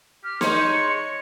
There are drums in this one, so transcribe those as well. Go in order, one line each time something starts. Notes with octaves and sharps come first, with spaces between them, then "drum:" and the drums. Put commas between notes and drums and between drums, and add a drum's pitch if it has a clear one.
G4 F6
G#3 D#4 C#5 C6 C#7, drum: snare